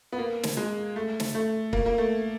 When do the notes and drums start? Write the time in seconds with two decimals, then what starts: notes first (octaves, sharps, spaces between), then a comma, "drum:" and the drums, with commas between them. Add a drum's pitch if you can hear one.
0.13 B3
0.18 A#3
0.43 drum: snare
0.57 G#3
0.96 A3
1.20 drum: snare
1.35 A3
1.73 A#3, drum: kick C#1
1.86 A#3
1.98 A3